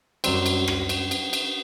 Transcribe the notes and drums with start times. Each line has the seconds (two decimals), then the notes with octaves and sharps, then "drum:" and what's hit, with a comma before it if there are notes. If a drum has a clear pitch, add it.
0.24 F#2 F#3 G3 C4, drum: cymbal
0.46 drum: cymbal
0.68 drum: rim click
0.89 drum: cymbal
1.11 drum: cymbal
1.33 drum: cymbal